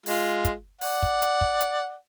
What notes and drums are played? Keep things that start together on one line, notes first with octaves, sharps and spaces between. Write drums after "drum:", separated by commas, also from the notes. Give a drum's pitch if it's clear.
G#3 F4, drum: open hi-hat
drum: kick, hi-hat
D5 F#5, drum: open hi-hat
drum: kick
drum: hi-hat
drum: kick
drum: hi-hat